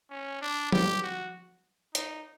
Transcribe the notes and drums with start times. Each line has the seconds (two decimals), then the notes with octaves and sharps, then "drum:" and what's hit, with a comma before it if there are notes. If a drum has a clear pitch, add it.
0.10 C#4
0.42 D4
0.72 G4, drum: tom F3
1.03 F#4
1.95 D#4, drum: hi-hat